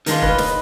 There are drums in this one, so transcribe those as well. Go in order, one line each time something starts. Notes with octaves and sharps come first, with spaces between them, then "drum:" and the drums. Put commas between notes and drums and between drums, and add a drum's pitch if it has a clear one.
D#3 G#3 D4 F4 A#4, drum: hi-hat
B4, drum: kick
D#5, drum: snare